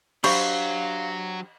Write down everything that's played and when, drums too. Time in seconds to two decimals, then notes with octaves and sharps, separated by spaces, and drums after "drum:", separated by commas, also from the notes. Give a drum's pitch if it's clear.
0.24 F#3 D4 G4 C5 F5 B5 C#6 G6, drum: cymbal